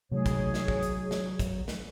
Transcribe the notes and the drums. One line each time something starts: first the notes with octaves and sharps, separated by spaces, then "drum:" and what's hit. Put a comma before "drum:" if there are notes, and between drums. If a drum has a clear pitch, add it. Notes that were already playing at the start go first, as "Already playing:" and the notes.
C3 F#3 G#3 A3 D#4 G#4 C#5
drum: kick, hi-hat
drum: snare
drum: kick
drum: hi-hat
drum: snare
drum: kick, hi-hat
drum: snare